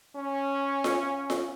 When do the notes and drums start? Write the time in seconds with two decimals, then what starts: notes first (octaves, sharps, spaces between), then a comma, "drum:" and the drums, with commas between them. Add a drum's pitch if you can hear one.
0.16 C#4
0.84 drum: snare F4
1.30 drum: snare F4